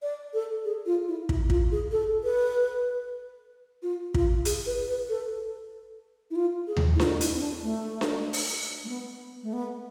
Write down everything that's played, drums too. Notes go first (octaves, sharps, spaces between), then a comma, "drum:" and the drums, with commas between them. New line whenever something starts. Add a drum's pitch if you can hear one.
D5
A4
G#4
F4
E4
E4, drum: kick
F4, drum: kick
G#4
A4
B4
F4
F4, drum: kick
G#4, drum: hi-hat
B4
B4
A4
E4
F4
G#4
drum: tom D#2
E4
F4, drum: snare D4
E4, drum: hi-hat
C4
D4
A3
drum: snare D4
drum: open hi-hat
A3
B3
A3
B3